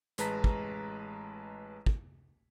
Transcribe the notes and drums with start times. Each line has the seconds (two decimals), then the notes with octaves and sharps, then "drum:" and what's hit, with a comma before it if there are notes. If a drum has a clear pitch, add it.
0.18 A1 G#3 B4 A5 A#5 B6, drum: hi-hat
0.44 drum: kick
1.86 drum: kick